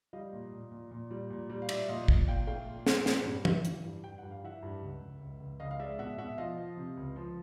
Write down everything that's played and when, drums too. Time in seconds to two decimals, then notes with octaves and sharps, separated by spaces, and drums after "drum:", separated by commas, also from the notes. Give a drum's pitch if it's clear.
0.13 G3 D#5 F5
0.33 A#2
0.52 A#2
0.72 A#2
0.91 A#2
1.11 G3
1.30 A#2
1.50 G3
1.62 F5
1.69 A#2 D5 E5, drum: cymbal
1.89 A#2 D#5 F5
2.08 A#2, drum: kick
2.28 A#2 F5 G5
2.47 A3 F5 G5
2.67 A#2
2.87 A3, drum: snare
3.06 A#2, drum: snare
3.25 G2
3.45 E3, drum: tom
3.65 E3, drum: hi-hat
3.84 G2
4.04 G2 G5
4.18 G2 F#5
4.31 F5
4.43 E3 E5 F#5
4.63 G2
4.82 C#2
5.02 C#2
5.21 C#2
5.40 C#2
5.60 C#2 D#5 F5
5.71 F5
5.80 G#3 D5 E5
5.99 B2 E5 F#5
6.18 B2 E5 F#5
6.38 F3 D#5 F5
6.58 F3
6.77 C3
6.97 C#2
7.16 F3